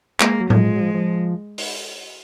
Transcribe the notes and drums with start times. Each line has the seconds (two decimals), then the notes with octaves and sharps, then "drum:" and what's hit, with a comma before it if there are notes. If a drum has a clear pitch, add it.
0.20 G#3 A#3, drum: clap
0.41 F#3
0.50 F3 G#3, drum: tom A2
0.76 F#3
0.80 F3
0.94 F3
1.58 drum: open hi-hat